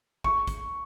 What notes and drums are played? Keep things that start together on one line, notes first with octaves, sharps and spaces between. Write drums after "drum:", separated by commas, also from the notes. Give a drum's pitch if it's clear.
C#6, drum: kick
drum: kick, hi-hat